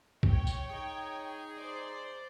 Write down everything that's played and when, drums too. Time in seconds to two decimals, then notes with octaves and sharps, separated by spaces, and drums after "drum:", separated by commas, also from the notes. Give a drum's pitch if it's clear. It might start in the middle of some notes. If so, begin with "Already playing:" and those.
0.23 C#5 G5, drum: kick
0.47 drum: tambourine
0.70 D#4 G#4
1.57 C5 D5